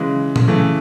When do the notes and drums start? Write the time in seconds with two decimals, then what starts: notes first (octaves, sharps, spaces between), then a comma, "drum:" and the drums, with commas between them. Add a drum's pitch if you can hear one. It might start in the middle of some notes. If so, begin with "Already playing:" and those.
Already playing: C#3 E3 G#3
0.36 drum: tom A#2
0.48 C#3 E3 A3